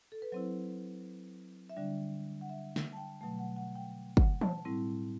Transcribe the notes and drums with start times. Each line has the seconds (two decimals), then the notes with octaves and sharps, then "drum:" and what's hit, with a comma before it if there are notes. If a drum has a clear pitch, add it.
0.12 A4
0.22 B4
0.32 F#3 C4 E4 C5
1.70 E5
1.76 D3 G3 D4 D5
2.41 F#5
2.49 E5
2.76 drum: snare
2.93 A5
2.97 G5
3.21 B2 F#3 A3 A5
3.39 F#5
3.56 F#5
3.76 G5
4.17 F#5, drum: kick
4.41 A5, drum: tom E3
4.65 A2 G3 C4 E4